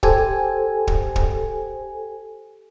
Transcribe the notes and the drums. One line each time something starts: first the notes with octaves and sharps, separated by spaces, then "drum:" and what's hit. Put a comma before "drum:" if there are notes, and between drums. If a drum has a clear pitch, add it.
G4 A4 C5 G#5, drum: kick
drum: kick
drum: kick